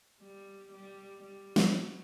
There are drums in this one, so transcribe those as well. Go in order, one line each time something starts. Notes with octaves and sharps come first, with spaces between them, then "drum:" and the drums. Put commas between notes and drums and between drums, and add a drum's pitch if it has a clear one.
G3
G3
G3
drum: snare
F#3